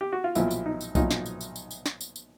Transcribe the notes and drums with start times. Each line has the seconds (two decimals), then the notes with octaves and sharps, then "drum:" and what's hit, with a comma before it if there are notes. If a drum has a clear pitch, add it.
0.01 G4
0.12 F#4
0.24 F4
0.35 B1 A#2 F3 E4, drum: tambourine
0.51 drum: tambourine
0.66 D#4
0.81 drum: tambourine
0.95 B1 A#2 F3 D#4, drum: kick B1, tambourine
1.11 drum: snare
1.26 drum: tambourine
1.41 drum: tambourine
1.56 drum: tambourine
1.71 drum: tambourine
1.86 drum: snare
2.01 drum: tambourine
2.16 drum: tambourine